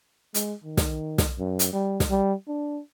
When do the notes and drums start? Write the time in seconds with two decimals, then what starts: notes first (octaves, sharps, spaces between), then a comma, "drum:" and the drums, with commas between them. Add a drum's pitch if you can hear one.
0.34 G#3, drum: hi-hat
0.64 D#3
0.77 drum: snare
1.18 drum: snare
1.39 F#2
1.59 drum: hi-hat
1.73 G3
2.00 drum: snare
2.10 G3
2.48 D4